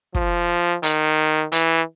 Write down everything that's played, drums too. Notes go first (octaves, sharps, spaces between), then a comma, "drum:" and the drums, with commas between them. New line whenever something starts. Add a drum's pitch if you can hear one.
F3, drum: kick
D#3, drum: hi-hat
E3, drum: hi-hat